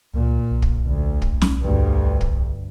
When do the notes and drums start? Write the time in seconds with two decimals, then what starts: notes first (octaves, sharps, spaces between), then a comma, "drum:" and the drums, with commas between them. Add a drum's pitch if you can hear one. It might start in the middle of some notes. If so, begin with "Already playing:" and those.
0.14 C#2 A#2
0.51 B1
0.62 drum: kick
0.87 D2
1.22 drum: kick
1.42 drum: snare
1.61 D2 G2
2.21 drum: kick